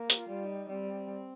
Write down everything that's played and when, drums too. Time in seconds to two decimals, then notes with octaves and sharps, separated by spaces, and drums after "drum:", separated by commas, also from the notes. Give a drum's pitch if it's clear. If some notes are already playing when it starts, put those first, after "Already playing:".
Already playing: A#3
0.10 G4, drum: hi-hat
0.16 F4
0.28 G3
0.42 D#4
0.69 G3 C4